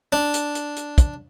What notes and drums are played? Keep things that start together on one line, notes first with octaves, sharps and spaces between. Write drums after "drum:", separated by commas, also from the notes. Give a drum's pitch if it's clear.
D4
drum: hi-hat
drum: hi-hat
drum: hi-hat
drum: kick, hi-hat